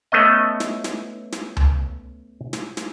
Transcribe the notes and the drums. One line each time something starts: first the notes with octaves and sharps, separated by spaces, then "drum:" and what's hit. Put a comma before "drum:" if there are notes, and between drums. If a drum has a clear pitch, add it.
A3 B3 C#4 D#5
drum: snare
drum: snare
drum: snare
drum: tom C#2
drum: snare
drum: snare